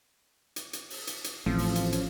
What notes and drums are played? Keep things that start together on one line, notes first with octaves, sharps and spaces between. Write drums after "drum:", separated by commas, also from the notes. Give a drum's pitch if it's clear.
drum: hi-hat
drum: hi-hat
drum: open hi-hat
drum: hi-hat
drum: hi-hat
A1 F3 A3 C4
drum: open hi-hat
drum: hi-hat
C#4, drum: hi-hat